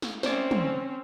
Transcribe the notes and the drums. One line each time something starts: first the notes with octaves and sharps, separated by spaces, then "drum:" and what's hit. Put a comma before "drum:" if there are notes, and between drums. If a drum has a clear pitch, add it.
drum: snare
C4 C#4 C5 D5, drum: snare
drum: tom